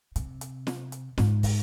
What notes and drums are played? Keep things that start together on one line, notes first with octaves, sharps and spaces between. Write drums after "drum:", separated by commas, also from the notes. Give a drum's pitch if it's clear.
C3, drum: hi-hat
drum: hi-hat
drum: snare
drum: hi-hat
G#2, drum: snare
drum: kick, open hi-hat